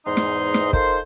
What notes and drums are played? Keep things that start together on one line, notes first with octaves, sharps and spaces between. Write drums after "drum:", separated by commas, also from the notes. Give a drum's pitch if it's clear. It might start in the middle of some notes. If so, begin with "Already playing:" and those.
E2 G#2 D#4 C6
drum: snare
drum: snare
D#4 F4 A4 A#4 C5, drum: kick